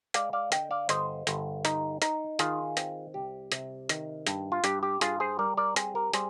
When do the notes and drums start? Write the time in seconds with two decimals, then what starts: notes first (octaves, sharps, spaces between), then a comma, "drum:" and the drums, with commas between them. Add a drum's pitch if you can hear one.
0.14 G#3 D5 F5, drum: hi-hat
0.33 D5 F5
0.52 D3 D#5 G5, drum: hi-hat
0.71 D5 F5
0.89 G1 C5 D#5, drum: hi-hat
1.27 G1, drum: hi-hat
1.65 D#4, drum: hi-hat
2.02 D#4, drum: hi-hat
2.39 D#3 F4 G#4, drum: hi-hat
2.77 C4, drum: hi-hat
3.14 C2 G4
3.52 C3, drum: hi-hat
3.89 D#3, drum: hi-hat
4.27 G2, drum: hi-hat
4.52 F4
4.64 G2 G4, drum: hi-hat
4.83 G4
5.01 G2 F4 G#4, drum: hi-hat
5.20 G#4 C5
5.39 G3 A#4 D5
5.57 A#4 D5
5.76 C4 G#4 C5, drum: hi-hat
5.95 G4 A#4
6.13 G3 G#4 C5, drum: hi-hat